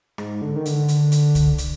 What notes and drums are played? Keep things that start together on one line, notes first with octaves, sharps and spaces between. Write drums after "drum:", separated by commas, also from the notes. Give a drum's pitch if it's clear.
G#2, drum: rim click
D3
D#3
D3, drum: hi-hat
drum: hi-hat
drum: hi-hat
drum: kick C2, hi-hat
drum: hi-hat